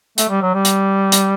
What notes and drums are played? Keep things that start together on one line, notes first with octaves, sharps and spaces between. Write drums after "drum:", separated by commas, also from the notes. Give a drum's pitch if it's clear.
A3, drum: hi-hat
G3
F#3
G3
drum: hi-hat
drum: hi-hat